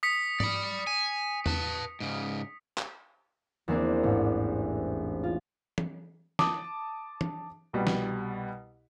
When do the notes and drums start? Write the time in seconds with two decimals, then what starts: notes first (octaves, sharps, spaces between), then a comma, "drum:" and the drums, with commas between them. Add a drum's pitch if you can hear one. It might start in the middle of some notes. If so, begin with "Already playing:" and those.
0.03 D#6 B6 C#7
0.40 D5 B5, drum: tom G#2
0.87 G#5
1.46 B4 A5, drum: tom E2
2.00 G#2 C#3
2.78 drum: clap
3.68 E2 A#3 C4 D4
4.03 A1 G#2
5.24 F4
5.78 drum: tom
6.39 A5 D6 D#6, drum: snare
7.21 drum: tom
7.73 C2 B2 G3
7.87 drum: snare